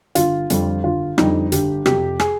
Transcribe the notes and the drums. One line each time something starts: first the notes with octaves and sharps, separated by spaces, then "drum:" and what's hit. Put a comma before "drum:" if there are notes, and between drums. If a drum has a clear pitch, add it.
G1 F4, drum: hi-hat
F2 D3 G3, drum: hi-hat
G1 F4
F2 D3 G3 D#4, drum: rim click
G1 G4, drum: hi-hat
F2 C3 G4, drum: rim click
G#4, drum: rim click